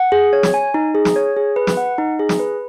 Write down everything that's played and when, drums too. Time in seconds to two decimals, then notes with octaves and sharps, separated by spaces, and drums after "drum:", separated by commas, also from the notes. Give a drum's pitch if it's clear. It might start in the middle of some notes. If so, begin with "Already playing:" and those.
Already playing: F#5
0.12 G#4
0.33 C#5
0.43 drum: snare
0.54 G#5
0.74 D#4
0.95 G#4
1.05 drum: snare
1.16 C#5
1.36 G#4
1.56 B4
1.67 drum: snare
1.77 F#5
1.98 D#4
2.19 G#4
2.29 drum: snare
2.39 B4